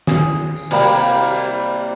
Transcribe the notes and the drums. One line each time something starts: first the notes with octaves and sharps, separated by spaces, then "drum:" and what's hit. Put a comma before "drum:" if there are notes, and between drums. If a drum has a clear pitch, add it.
G#4, drum: snare
drum: tambourine
C3 G3 A#3 B5, drum: cymbal